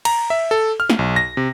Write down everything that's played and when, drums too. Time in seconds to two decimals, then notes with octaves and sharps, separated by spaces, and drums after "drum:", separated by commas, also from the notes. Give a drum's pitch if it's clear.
0.05 A#5, drum: cymbal
0.30 E5
0.51 A4
0.80 F6
0.90 drum: snare
0.99 B1
1.16 A#6
1.37 C3